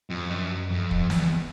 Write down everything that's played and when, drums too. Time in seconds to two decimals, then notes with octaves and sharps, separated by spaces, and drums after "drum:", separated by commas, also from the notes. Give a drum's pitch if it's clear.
0.10 F2
0.30 F#2
0.70 F2
0.91 drum: kick
1.10 E2, drum: snare